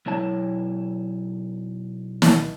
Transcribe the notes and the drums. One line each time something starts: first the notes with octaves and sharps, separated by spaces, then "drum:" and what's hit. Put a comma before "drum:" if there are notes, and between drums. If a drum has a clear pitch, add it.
B1 B2 E4 C#5 A5
drum: snare